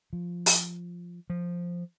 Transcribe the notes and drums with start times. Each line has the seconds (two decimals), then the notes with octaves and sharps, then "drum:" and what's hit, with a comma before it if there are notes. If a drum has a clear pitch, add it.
0.13 F3
0.46 drum: open hi-hat
1.30 F3